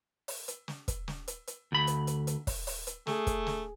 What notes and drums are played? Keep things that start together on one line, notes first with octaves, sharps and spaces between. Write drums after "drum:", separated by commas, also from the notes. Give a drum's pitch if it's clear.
drum: open hi-hat
drum: hi-hat
drum: snare
drum: kick, hi-hat
drum: snare
drum: hi-hat
drum: hi-hat
D2 B5
drum: hi-hat
drum: hi-hat
drum: hi-hat
drum: kick, open hi-hat
drum: open hi-hat
drum: hi-hat
A3 G#4, drum: snare
drum: kick, hi-hat
drum: snare